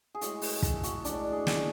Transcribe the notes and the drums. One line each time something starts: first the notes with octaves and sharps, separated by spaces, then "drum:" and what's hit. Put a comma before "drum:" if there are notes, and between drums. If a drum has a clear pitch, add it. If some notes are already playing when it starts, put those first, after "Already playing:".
G#4
A2 G#3 F#4, drum: hi-hat
G#4, drum: open hi-hat
A4, drum: kick, hi-hat
F#4, drum: hi-hat
A2 G#3 D4, drum: hi-hat
G#4
drum: snare